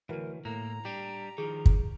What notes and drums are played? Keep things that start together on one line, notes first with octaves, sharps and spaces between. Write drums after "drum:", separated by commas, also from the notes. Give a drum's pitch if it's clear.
D2 G2 E3 F#3 A#4
A2 A#3 A#5
G3 D4 G4
D#3 F3 G#4
drum: kick